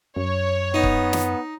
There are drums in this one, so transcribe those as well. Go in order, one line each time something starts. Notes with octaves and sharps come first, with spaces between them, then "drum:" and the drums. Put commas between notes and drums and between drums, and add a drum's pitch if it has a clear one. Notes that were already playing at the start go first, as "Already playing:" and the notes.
F#2 C#5
B3 D#4
drum: kick C#1
drum: snare